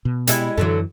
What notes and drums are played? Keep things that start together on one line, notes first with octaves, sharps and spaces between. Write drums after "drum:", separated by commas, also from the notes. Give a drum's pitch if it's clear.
B2
G3 G#3 E4, drum: hi-hat
F#2 D3 E3 F#3 A3